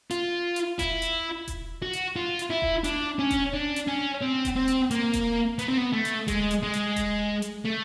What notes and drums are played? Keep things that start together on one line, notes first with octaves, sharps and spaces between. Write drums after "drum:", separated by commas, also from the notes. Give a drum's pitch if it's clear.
F4, drum: hi-hat
drum: hi-hat
E4, drum: kick E1, hi-hat
drum: hi-hat
drum: kick E1, hi-hat
F#4
drum: hi-hat
F4
drum: hi-hat
E4
drum: kick E1
D4, drum: hi-hat
C#4
drum: kick E1, hi-hat
D4
drum: hi-hat
C#4
C4
drum: kick E1, hi-hat
C4
drum: hi-hat
A#3, drum: hi-hat
drum: kick E1, hi-hat
B3, drum: hi-hat
C4
B3
A3
drum: hi-hat
G#3, drum: kick E1, hi-hat
drum: hi-hat
G#3
drum: hi-hat
drum: kick E1, hi-hat
drum: hi-hat
A3